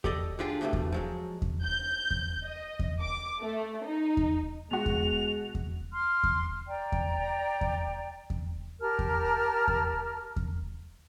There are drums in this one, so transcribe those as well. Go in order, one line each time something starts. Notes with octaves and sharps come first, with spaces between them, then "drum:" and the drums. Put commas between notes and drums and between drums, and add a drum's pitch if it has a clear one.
G4 A4 D5 D#5, drum: kick E2
D3 D4 F4 G4 G#4
G2 B2 E3 F#3 G3 A3
drum: kick E2
F3 F#3 G#3
drum: kick E2
G6
drum: kick E2
D#5
drum: kick E2
D6
A3
D#4
drum: kick E2
B2 G#3 F#4 F7
drum: kick E2
drum: kick E2
C6 D6 F6
drum: kick E2
D5 G5 A#5
drum: kick E2
drum: kick E2
drum: kick E2
G4 A#4 A5 F6
drum: kick E2
drum: kick E2
drum: kick E2